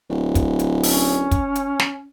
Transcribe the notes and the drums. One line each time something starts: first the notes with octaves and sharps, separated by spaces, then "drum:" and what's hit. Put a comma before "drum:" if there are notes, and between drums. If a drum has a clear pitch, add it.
D1
drum: kick, hi-hat
drum: hi-hat
C#4, drum: open hi-hat
drum: kick, hi-hat
drum: hi-hat
drum: snare